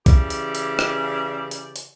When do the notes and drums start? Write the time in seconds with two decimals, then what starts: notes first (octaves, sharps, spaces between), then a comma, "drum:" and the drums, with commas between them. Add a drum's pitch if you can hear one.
0.06 C#3 E3 G4 G#4 D5, drum: kick C2, hi-hat
0.30 drum: hi-hat
0.55 drum: hi-hat
0.79 drum: rim click
1.51 drum: hi-hat
1.76 drum: hi-hat